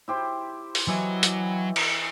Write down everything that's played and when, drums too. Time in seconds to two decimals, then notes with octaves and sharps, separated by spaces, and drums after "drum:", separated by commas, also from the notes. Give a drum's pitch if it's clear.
0.08 E4 G4 C5
0.75 drum: open hi-hat
0.88 E3 F#3 E4 D#5
1.23 drum: hi-hat
1.76 drum: cymbal